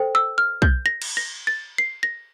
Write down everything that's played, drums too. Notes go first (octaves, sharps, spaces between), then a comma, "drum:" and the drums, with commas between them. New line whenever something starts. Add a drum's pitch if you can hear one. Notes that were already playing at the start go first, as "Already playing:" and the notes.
Already playing: A4 C5 G5
E6
F6
G6, drum: kick
A#6
drum: cymbal
A#6
A6
C7
A#6